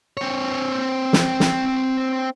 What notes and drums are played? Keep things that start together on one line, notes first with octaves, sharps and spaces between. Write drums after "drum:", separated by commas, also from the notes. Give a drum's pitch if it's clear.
C4 C#5
drum: snare
drum: snare